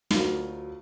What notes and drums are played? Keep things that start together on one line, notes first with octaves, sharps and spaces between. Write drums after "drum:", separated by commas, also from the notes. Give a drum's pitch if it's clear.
D2 F#3 F4 A#4, drum: snare